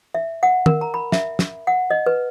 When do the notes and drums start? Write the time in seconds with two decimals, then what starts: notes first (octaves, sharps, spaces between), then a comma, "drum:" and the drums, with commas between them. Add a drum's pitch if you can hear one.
0.14 E5
0.43 F#5
0.66 A#4, drum: tom
0.81 A#5
0.94 B5
1.12 E5, drum: snare
1.39 drum: snare
1.67 F#5
1.91 D#5
2.06 B4